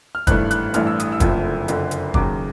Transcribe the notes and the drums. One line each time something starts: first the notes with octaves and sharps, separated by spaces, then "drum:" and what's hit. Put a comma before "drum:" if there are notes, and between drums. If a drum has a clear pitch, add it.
F6
G#1 G2 E3 A3 F#6, drum: kick, hi-hat
F#6, drum: hi-hat
A1 G2 E3 A3 F6, drum: hi-hat
E6
D#6, drum: hi-hat
E6
F#1 F2 D3 F3 A3, drum: kick, hi-hat
F#1 F2 D3, drum: hi-hat
drum: hi-hat
D#2 C#3 F#3 D6, drum: kick